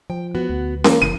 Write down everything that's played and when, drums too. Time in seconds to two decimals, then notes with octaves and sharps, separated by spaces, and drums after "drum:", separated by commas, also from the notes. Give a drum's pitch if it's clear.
0.10 F3 G5
0.35 B3 F#4
0.50 D2
0.84 E3 A#3, drum: snare C#4
1.02 F#1 D#7